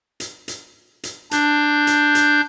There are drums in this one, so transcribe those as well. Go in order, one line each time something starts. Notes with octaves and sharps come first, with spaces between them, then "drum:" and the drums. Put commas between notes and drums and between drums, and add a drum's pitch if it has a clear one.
drum: hi-hat
drum: hi-hat
drum: hi-hat
D4 G6, drum: hi-hat
drum: hi-hat
drum: hi-hat